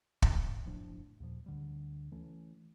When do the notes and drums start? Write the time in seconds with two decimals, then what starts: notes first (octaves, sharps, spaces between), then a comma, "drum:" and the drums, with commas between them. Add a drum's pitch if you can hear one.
0.22 F2 G#2, drum: kick
0.66 F#1 A2 F3 D4
1.20 D#2 A#2 F3
1.46 D2 D3 G3
2.12 E3 A3 C#4